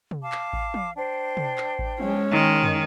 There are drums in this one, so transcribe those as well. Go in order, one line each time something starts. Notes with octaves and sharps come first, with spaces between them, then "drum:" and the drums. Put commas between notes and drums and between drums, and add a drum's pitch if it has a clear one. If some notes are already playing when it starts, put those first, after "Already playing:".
drum: tom
F5 A5 D6
drum: clap
drum: kick A1
drum: tom
D4 C5 G5
drum: tom
drum: clap
drum: kick A1
G#3 C#4, drum: tom
D#3 C6
drum: tom